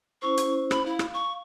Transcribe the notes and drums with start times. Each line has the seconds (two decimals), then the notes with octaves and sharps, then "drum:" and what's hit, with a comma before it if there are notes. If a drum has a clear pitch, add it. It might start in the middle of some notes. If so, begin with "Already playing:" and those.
0.22 C#4 E4 C5 C#6
0.37 drum: hi-hat
0.71 B5, drum: rim click
0.86 E4 F5
0.99 drum: rim click
1.14 C#6